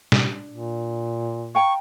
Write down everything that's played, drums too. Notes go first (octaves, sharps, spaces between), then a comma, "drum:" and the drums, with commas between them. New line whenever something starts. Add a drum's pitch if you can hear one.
D4, drum: snare
A#2
F5 G5 A#5 C#6